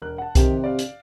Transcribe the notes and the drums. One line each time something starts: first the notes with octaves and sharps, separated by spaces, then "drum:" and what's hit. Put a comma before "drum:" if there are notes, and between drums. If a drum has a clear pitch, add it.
E1 A#4 F#6
F#5 A5
C3 D#3 G4 A#4, drum: kick B1, hi-hat
D5 F5
drum: hi-hat